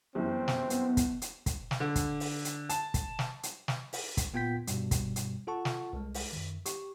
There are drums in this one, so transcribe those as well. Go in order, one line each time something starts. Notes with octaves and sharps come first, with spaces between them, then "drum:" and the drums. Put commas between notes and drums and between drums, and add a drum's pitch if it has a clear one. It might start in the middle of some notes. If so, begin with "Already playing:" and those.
G1 F#2 E3 C4
drum: snare
B3, drum: hi-hat
drum: kick, hi-hat
drum: hi-hat
drum: kick, hi-hat
drum: snare
D3
drum: kick, hi-hat
drum: open hi-hat
drum: hi-hat
A5, drum: hi-hat
drum: kick, hi-hat
drum: snare
drum: hi-hat
drum: snare
drum: open hi-hat
drum: kick, hi-hat
A#2 B3 F4 G5 G6 B6
G2 B2 G3, drum: hi-hat
drum: kick, hi-hat
drum: hi-hat
F4 A4 F#5 A5 C#6
drum: snare
C2 G#3
drum: open hi-hat
F#2 D#3
G4 C#6, drum: hi-hat